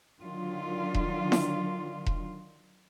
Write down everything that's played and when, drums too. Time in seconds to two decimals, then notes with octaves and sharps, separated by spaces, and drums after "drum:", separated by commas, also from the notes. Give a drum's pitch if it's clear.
0.20 D3 D#3 F#3 D4 F4
0.94 drum: kick E1
1.32 drum: snare E4
2.06 drum: kick E1